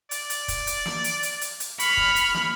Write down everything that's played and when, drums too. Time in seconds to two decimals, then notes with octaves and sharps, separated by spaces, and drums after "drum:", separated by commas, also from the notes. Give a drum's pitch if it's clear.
0.11 D5, drum: hi-hat
0.30 drum: hi-hat
0.48 drum: kick, hi-hat
0.67 drum: hi-hat
0.86 drum: snare
1.04 drum: hi-hat
1.23 drum: hi-hat
1.41 drum: hi-hat
1.60 drum: hi-hat
1.80 B5 C#6 F6, drum: hi-hat
1.97 drum: kick
2.16 drum: hi-hat
2.34 drum: snare